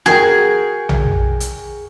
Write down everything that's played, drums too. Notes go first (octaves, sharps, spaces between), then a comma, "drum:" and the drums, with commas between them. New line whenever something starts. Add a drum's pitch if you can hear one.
F#4 G#4 A#4 G5, drum: snare
drum: tom A#1
drum: hi-hat